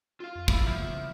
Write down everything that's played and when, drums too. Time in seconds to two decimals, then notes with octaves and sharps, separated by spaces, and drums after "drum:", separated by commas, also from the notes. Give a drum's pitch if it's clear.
0.20 F4 F5
0.35 F2
0.48 E3 E4 F4 B5, drum: kick
0.67 E2 C#3 F3 E5